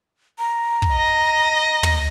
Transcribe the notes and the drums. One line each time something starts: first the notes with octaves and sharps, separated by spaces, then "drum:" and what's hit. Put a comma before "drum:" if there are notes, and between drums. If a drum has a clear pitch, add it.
A#5
drum: kick
D#5 A#6
drum: tom